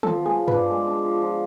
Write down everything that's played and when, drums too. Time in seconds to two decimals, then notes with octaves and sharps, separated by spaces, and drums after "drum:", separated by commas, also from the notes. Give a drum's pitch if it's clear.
0.03 F3 A4, drum: tom
0.20 B3
0.26 G#4, drum: tom
0.37 F3
0.48 B4, drum: tom G2
0.54 D4
0.70 G#3
0.87 D4
1.04 F3
1.22 F3